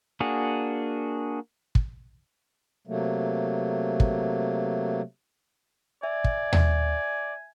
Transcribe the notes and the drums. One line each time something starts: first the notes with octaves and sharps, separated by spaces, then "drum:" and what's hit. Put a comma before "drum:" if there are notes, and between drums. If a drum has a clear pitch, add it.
A#3 D4 F#4 G#4
drum: kick
C3 F#3 A3 A#3
drum: kick
D5 E5 G#5
drum: kick
drum: tom D#2